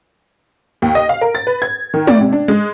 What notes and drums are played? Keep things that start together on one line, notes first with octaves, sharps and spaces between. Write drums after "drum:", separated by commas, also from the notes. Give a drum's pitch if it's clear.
D#2
D#5
F5
A#4
A6
B4
G#6
D#3
D5, drum: tom G#3
C3
D4
G#3